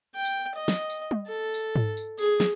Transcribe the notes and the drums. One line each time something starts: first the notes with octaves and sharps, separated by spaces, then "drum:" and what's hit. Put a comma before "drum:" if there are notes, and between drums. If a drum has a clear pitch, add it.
G5
drum: tambourine
D#5
drum: snare
drum: tambourine
drum: tom G3
A4
drum: tambourine
drum: tom G#2
drum: tambourine
G#4, drum: tambourine
drum: snare